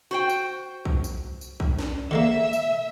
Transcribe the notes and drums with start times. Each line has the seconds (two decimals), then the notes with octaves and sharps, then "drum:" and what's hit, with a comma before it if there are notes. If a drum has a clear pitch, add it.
0.11 F#4 C5 G5
0.30 drum: tambourine
0.85 drum: kick
1.04 drum: tambourine
1.41 drum: tambourine
1.60 drum: kick
1.79 drum: snare
2.11 D3 G#3 A#3 E5
2.53 drum: tambourine